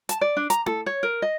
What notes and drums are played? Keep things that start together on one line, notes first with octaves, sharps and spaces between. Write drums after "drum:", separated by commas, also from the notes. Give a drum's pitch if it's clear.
A5, drum: hi-hat
D5
D4
A#5, drum: hi-hat
A4, drum: tom E4
C#5
A#4
D#5